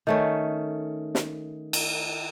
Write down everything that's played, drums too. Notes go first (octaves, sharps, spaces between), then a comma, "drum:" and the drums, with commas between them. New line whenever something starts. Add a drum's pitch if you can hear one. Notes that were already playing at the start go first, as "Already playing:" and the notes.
D#3 A3 C#4
drum: snare
drum: cymbal